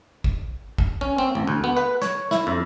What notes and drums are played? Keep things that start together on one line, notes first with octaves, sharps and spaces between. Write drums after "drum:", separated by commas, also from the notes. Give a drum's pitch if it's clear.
drum: kick
drum: kick
C#4
C4
A1
D2
B3
B4
C#5, drum: snare
E4, drum: snare
F2